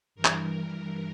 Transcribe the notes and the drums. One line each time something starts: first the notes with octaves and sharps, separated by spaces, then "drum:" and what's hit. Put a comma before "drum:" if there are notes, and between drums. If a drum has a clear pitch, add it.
G2 E3 A#4
drum: clap